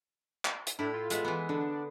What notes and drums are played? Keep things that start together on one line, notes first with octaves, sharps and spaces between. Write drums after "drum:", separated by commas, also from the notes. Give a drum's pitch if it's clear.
drum: clap
drum: hi-hat
A2 D4 E4
F4
G#3 B3 F4 E5, drum: hi-hat
E3 B3
D3 D4